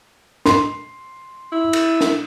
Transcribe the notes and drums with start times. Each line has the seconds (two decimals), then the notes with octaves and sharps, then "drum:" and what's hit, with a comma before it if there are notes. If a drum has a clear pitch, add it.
0.46 C6, drum: snare
1.52 E4
1.73 drum: cymbal
2.01 drum: snare